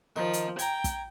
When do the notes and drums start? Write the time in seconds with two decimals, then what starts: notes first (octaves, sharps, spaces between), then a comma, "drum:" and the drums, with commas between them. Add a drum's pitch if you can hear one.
0.16 D#3 F3
0.33 drum: hi-hat
0.59 G5 G#5 A#5, drum: hi-hat
0.84 drum: kick, hi-hat